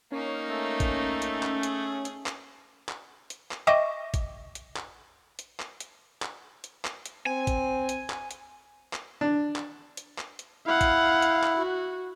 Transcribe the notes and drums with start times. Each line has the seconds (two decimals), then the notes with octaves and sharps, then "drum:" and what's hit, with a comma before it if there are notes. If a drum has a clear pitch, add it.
0.12 A#3 C#4 D#4
0.50 A3
0.80 drum: kick G#1, hi-hat
1.22 drum: hi-hat
1.43 drum: clap
1.63 G#4, drum: hi-hat
2.05 drum: hi-hat
2.26 drum: clap
2.89 drum: clap
3.30 drum: hi-hat
3.51 drum: clap
3.67 D#5 E5 G5 C#6 D6 A#6
4.14 drum: kick G#1, hi-hat
4.55 drum: hi-hat
4.76 drum: clap
5.39 drum: hi-hat
5.60 drum: clap
5.80 drum: hi-hat
6.22 drum: clap
6.64 drum: hi-hat
6.85 drum: clap
7.06 drum: hi-hat
7.26 C4 G#5
7.47 drum: kick G#1, hi-hat
7.89 drum: hi-hat
8.10 drum: clap
8.31 drum: hi-hat
8.93 drum: clap
9.21 D4
9.56 drum: clap
9.97 drum: hi-hat
10.18 drum: clap
10.39 drum: hi-hat
10.67 E4 F5 F#5
10.81 drum: kick G#1, hi-hat
11.22 drum: hi-hat
11.43 drum: clap
11.57 F#4